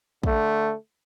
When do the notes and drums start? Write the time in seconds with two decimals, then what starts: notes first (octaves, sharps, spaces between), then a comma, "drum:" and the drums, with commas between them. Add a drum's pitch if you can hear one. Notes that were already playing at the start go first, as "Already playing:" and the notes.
0.23 D3 A3, drum: kick